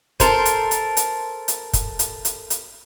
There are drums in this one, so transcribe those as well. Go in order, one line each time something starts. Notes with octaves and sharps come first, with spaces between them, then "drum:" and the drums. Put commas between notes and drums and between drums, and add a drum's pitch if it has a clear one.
A4 A#4 C5, drum: kick, hi-hat
drum: hi-hat
drum: hi-hat
drum: hi-hat
drum: hi-hat
drum: kick, hi-hat
drum: hi-hat
drum: hi-hat
drum: hi-hat